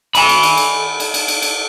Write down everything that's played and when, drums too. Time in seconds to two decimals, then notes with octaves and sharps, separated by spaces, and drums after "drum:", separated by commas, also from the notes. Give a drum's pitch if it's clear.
0.15 G#5 B5, drum: cymbal
0.29 drum: cymbal
0.43 drum: cymbal
0.57 drum: cymbal
1.00 drum: cymbal
1.14 drum: cymbal
1.28 drum: cymbal
1.42 drum: cymbal